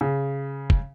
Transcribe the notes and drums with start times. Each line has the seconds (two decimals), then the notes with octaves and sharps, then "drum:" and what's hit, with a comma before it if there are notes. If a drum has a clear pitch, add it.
0.01 C#3
0.70 drum: kick